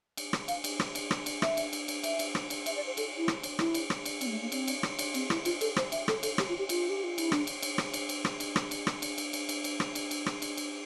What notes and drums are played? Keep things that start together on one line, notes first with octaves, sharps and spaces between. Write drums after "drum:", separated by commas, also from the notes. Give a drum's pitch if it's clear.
drum: cymbal
drum: rim click
F5, drum: cymbal
drum: cymbal
drum: rim click
drum: cymbal
drum: rim click
drum: cymbal
E5, drum: rim click
drum: cymbal
drum: cymbal
drum: cymbal
E5, drum: cymbal
drum: cymbal
drum: rim click
drum: cymbal
E5, drum: cymbal
D5
C5
A4, drum: cymbal
E4
drum: rim click
drum: cymbal
E4, drum: rim click
drum: cymbal
drum: rim click
drum: cymbal
C4, drum: cymbal
A#3
A3
A#3
C4, drum: cymbal
drum: cymbal
drum: rim click
drum: cymbal
C4, drum: cymbal
E4, drum: rim click
F4, drum: cymbal
A4, drum: cymbal
C5, drum: rim click
E5, drum: cymbal
A4, drum: rim click
A4, drum: cymbal
G4, drum: rim click
F4
G4
F4, drum: cymbal
G4
F4
E4, drum: cymbal
D4, drum: rim click
drum: cymbal
drum: cymbal
drum: rim click
drum: cymbal
drum: cymbal
drum: rim click
drum: cymbal
drum: rim click
drum: cymbal
drum: rim click
drum: cymbal
drum: cymbal
drum: cymbal
drum: cymbal
drum: cymbal
drum: rim click
drum: cymbal
drum: cymbal
drum: rim click
drum: cymbal
drum: cymbal